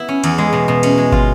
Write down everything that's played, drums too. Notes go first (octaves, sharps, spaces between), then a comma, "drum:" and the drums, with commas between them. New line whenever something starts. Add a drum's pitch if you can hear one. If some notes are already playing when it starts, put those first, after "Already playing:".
Already playing: B3 E4
C#4
E2, drum: cymbal
G#3
B2
B2
C#4, drum: cymbal
G#3
F4, drum: kick